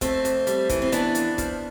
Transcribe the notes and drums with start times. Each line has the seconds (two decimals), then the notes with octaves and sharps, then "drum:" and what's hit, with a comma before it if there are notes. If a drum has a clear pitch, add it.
0.01 F2 A3 C4, drum: kick, hi-hat
0.25 F2, drum: hi-hat
0.47 G3, drum: hi-hat
0.70 E3, drum: kick, hi-hat
0.82 C4
0.92 E3 B3 D4, drum: hi-hat
1.15 F2, drum: hi-hat
1.38 F3, drum: kick, hi-hat